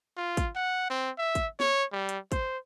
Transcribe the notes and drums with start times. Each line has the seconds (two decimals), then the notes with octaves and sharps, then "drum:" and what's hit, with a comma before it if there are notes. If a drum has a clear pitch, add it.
0.17 F4
0.37 drum: kick, hi-hat
0.56 F#5
0.90 C4
1.18 E5
1.35 drum: kick, hi-hat
1.60 C#5, drum: snare
1.92 G3
2.09 drum: hi-hat
2.32 C5, drum: kick, hi-hat